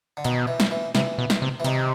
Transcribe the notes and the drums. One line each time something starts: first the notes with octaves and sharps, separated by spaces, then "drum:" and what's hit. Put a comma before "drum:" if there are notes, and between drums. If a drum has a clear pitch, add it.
D3
B2 D#3, drum: hi-hat
E3
drum: snare
E3
C3 E3, drum: snare
B2
drum: snare
C3
E3
C3 D#3, drum: hi-hat